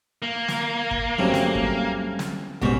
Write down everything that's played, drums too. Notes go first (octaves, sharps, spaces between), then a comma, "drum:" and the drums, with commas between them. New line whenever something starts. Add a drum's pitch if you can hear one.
A#3
drum: snare
drum: kick
G2 F#3 G3 A3 C4 C#4
drum: snare
drum: kick
drum: snare
C2 G#2 B2 C#4 C5, drum: kick